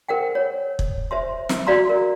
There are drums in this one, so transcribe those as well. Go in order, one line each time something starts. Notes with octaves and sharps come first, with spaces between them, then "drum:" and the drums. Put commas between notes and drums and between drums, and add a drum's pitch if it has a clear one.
A#4 C5 F#5 G5
C#5
drum: kick
C5 E5 C6
drum: snare
F#4 D5 F5 A#5 C6
A#4